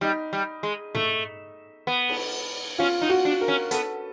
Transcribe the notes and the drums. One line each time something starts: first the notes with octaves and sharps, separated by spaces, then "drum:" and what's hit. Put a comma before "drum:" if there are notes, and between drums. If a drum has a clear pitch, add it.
G3 D#4
G3
G#3
A3, drum: tom
B3
drum: cymbal
C#4 F4
D#4
F#4
D4
A#4
C#4
B3 A4, drum: hi-hat